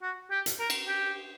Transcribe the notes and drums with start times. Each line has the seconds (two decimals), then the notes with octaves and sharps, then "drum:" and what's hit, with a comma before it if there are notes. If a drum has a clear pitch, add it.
0.02 F#4
0.31 G4
0.46 drum: hi-hat
0.59 A#4
0.70 drum: cymbal
0.88 G4